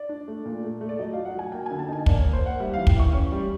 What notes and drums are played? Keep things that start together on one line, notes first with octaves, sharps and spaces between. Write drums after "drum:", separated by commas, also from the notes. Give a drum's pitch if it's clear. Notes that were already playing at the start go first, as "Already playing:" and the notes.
Already playing: D5
D4
A3
A#2
A3
A3
D5
F#3 D#5
F#3 F5
F#5
F#3 G#5
A#3 G5
G#5
D3
A5
D#4 G#5
A#3 D5, drum: kick
A#3 C#5
C5
A#3 F#5
G3 E5
E3 F5
G5, drum: kick
E3 C#6
C#4
G3